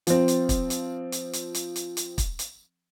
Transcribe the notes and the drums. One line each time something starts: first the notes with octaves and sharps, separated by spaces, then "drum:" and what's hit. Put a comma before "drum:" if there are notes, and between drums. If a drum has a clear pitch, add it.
F3 C4, drum: hi-hat
drum: hi-hat
drum: kick, hi-hat
drum: hi-hat
drum: hi-hat
drum: hi-hat
drum: hi-hat
drum: hi-hat
drum: hi-hat
drum: kick, hi-hat
drum: hi-hat